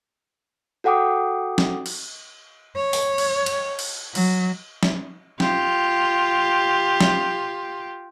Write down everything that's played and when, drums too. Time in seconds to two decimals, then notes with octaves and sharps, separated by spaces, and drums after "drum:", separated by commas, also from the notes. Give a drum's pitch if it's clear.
0.84 F#4 A4 F#5 G5 D6 D#6
1.58 drum: snare
1.86 drum: cymbal
2.77 C#5
2.93 drum: open hi-hat
3.18 drum: cymbal
3.46 drum: cymbal
3.79 drum: cymbal
4.15 F#3, drum: cymbal
4.83 drum: snare
5.40 F4 G4, drum: snare
7.01 drum: snare